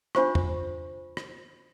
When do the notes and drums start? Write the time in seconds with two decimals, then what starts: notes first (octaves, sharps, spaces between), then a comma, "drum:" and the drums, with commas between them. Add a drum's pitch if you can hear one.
0.15 D4 F4 C5 C#6, drum: rim click
0.35 drum: tom E2
1.17 drum: rim click